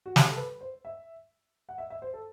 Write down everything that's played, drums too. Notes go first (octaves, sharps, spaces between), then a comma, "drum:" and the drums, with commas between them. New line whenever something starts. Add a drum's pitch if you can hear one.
F#4
G4, drum: snare
A4
B4
C5
E5
F#5
E5
E5
C5
A4